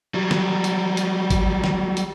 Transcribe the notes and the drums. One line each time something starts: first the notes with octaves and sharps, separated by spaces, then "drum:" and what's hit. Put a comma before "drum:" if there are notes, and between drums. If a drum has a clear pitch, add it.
F#3 G3
drum: snare
drum: hi-hat
drum: hi-hat
drum: kick, hi-hat
drum: snare
drum: hi-hat